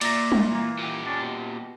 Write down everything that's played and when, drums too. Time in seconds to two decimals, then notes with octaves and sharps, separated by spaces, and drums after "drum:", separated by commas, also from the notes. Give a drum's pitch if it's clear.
0.01 A#2 D5 E5 A#5, drum: cymbal
0.32 drum: tom G3
0.51 E3 A#3
0.79 A#2 G4
1.06 C#4 D4
1.22 B2